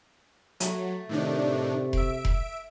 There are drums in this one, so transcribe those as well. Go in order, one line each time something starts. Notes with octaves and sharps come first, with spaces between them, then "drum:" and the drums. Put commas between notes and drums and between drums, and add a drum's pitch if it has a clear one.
F#3 A3, drum: hi-hat
A2 C3 D#3 D4
E5 D7, drum: kick F1
drum: kick F1